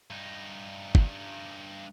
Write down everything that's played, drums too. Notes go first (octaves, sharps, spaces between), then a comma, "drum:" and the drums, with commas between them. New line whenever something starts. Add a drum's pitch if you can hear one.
G2 D#4
drum: kick